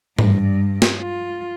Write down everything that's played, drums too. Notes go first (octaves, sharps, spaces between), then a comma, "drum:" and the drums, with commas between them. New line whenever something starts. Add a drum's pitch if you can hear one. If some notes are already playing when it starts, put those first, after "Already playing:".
G2, drum: tom G#2
drum: snare
F4